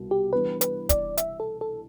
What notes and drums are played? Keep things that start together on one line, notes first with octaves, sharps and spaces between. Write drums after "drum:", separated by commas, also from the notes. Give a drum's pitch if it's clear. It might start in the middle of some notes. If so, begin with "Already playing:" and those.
Already playing: C2 B2
G4
E3 G3 B3 D4 B4
B4, drum: hi-hat
D5, drum: kick, hi-hat
E5, drum: hi-hat
A4
A4